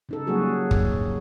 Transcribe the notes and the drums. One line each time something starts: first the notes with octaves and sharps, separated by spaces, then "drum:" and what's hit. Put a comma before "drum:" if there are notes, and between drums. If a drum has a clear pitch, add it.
C#3 D#4 A4
F#3 G3 A#3 F#4 G#4
drum: kick